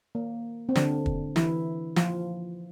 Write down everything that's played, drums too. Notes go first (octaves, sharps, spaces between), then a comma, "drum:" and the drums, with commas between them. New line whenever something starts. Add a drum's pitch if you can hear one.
A#3
C4
D3 D4, drum: snare
drum: kick
E3 E4, drum: snare
F3 F4, drum: snare